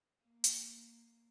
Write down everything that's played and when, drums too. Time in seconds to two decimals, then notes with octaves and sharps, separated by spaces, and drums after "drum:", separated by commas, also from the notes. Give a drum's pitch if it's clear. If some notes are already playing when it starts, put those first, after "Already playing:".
0.24 A#3
0.44 drum: hi-hat